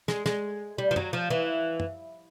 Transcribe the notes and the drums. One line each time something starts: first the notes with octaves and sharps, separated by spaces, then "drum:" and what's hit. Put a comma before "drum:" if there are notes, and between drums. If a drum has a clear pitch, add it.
G#3, drum: snare
G#3, drum: snare
G3
F3
F#3, drum: tom
F3
E3
drum: tom